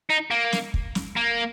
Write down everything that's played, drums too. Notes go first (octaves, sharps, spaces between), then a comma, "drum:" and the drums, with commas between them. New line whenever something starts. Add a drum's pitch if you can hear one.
D#4
A#3
drum: snare
drum: kick
drum: snare
A#3